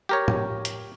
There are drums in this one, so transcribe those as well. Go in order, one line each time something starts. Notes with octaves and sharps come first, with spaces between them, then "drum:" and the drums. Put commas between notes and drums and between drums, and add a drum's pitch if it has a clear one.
G4 A#4 C#5
drum: tom A2
drum: hi-hat